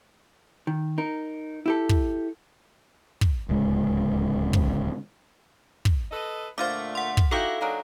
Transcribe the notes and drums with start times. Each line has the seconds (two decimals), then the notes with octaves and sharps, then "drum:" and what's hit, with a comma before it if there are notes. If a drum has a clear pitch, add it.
0.67 D#3
0.98 D#4 A#4
1.66 E4 G4 A4
1.89 drum: kick
3.21 drum: kick
3.49 D1 C#2 G#3
4.53 drum: kick
5.85 drum: kick
6.12 A4 B4 D#5
6.58 A#2 D3 A3 F4 C5 D6 F6 A6
6.95 F#5 C6
7.17 drum: kick
7.31 D#4 E4 F#4 G4 A4 F5 G5
7.61 F#3 A#3 D4 D#4 G#4 A#4